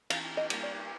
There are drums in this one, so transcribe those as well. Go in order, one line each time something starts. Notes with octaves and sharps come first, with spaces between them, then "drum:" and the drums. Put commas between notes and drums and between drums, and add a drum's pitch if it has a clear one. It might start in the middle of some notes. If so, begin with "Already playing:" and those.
E3 F5, drum: cymbal
D#5
G3 A#3, drum: cymbal
D5